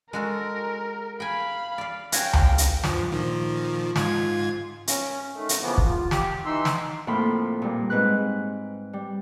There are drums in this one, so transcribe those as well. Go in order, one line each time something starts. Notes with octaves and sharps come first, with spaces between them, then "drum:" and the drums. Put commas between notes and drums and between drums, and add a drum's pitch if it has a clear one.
G#3 F#4 A4 A#4
F5 G5 G#5 B5
D5 F5
F#4 G#4 C#5 F5 G5, drum: hi-hat
drum: tom D2
drum: hi-hat
G2 F3, drum: snare
A#2 D#3 F3
G#2 F4 G#6, drum: snare
C#4, drum: hi-hat
D#3 A3
drum: hi-hat
C#3 E3 F3 A#3 B3
F4, drum: kick
G4, drum: snare
E3 D#4 C6 E6
drum: snare
F2 A2 A#3 B5 C6 F6
A#2 G3
G#2 C4 B4 F#6
G3